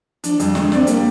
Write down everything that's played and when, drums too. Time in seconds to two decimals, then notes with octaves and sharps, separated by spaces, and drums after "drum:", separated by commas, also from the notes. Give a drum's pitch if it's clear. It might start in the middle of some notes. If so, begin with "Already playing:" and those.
0.24 F3 D4, drum: hi-hat
0.40 F2 G3, drum: hi-hat
0.55 D3 G#3, drum: snare
0.72 C4 D5, drum: snare
0.87 G3 A#3, drum: hi-hat